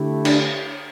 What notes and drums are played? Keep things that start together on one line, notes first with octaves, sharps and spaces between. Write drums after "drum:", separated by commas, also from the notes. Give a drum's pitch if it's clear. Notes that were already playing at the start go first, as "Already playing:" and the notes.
Already playing: D3 A3 E4 G4
D4, drum: cymbal